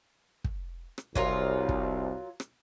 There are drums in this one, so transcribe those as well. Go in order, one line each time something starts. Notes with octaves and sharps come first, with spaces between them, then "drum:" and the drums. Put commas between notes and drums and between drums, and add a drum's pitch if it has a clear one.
drum: kick
drum: rim click
C2 F#3 F4 A#4, drum: kick
drum: kick
drum: rim click